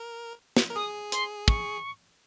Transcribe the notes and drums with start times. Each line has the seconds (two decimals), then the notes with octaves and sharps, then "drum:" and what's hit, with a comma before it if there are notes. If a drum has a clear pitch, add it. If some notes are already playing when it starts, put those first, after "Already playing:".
Already playing: A#4
0.56 drum: snare
0.70 A#4
0.76 G#4 D#6
1.12 C6, drum: hi-hat
1.48 C#6, drum: kick